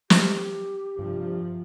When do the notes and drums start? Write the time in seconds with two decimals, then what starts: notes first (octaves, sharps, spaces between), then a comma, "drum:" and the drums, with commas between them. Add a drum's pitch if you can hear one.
0.10 G4, drum: snare
0.99 G2 C3 F3